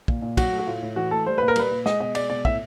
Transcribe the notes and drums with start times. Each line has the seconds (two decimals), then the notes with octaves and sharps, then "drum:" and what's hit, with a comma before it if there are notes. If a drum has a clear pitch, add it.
0.08 A#2, drum: kick
0.22 A#2
0.37 F#3 F#4, drum: kick, cymbal
0.52 A3
0.59 F#4
0.67 A2 F4
0.82 A2
0.96 E3 F#4
1.11 A3 A4
1.26 G3 C5
1.38 A#2 B4
1.48 A#4
1.56 G3 B4, drum: cymbal
1.71 A#2
1.86 G#3 D#5, drum: snare
2.00 B2 D#5
2.15 G#3 D5, drum: cymbal
2.30 B2 D5
2.45 A2 E5, drum: kick